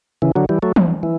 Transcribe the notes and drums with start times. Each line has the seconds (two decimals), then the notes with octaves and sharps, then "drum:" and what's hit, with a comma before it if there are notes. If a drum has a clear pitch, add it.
0.22 C#3 E3
0.35 D3 F#3
0.49 E3 G3
0.62 F#3 A3
0.76 drum: tom E3
1.03 E3